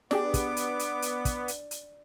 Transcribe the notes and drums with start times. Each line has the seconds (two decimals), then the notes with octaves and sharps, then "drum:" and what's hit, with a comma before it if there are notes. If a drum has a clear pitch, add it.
0.11 B3 D4 G4 G#4 D5 D6, drum: snare
0.34 drum: kick, hi-hat
0.57 drum: hi-hat
0.79 drum: hi-hat
1.02 drum: hi-hat
1.25 drum: kick, hi-hat
1.48 drum: hi-hat
1.71 drum: hi-hat